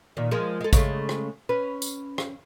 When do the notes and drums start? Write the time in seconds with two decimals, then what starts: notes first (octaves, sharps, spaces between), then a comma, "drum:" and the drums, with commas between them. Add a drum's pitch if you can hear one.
0.17 A#2 D#3
0.31 F3 G#3 A#3
0.61 G#3 A4
0.73 C#3 G#3 A3, drum: kick, tambourine
1.09 drum: rim click
1.49 C#4 B4
1.82 drum: tambourine
2.18 drum: rim click